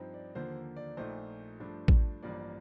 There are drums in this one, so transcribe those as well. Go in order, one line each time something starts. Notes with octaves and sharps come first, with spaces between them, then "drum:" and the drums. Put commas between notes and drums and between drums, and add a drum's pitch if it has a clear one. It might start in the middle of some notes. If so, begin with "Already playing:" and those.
Already playing: G2 F3 C4 D#4
D5
D#2 D3 F3 A#3 C5
D5
A#1 A#2 A3 D#4 C5
G2 F3 A3 D4
drum: kick A1
A1 G2 F3 A#3 D5